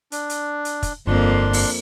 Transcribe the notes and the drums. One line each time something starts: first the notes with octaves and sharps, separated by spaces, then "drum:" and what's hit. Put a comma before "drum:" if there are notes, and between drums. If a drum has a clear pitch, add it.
D4, drum: hi-hat
drum: hi-hat
drum: hi-hat
drum: kick, hi-hat
G1 F2 A#3 D4 C6
drum: open hi-hat